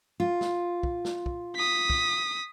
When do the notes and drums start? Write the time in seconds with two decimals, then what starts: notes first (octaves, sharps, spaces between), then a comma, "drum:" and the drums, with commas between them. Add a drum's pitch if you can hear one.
0.20 F4
0.41 drum: snare
0.83 drum: kick
1.05 drum: snare
1.26 drum: kick
1.56 D#6 B6
1.90 drum: kick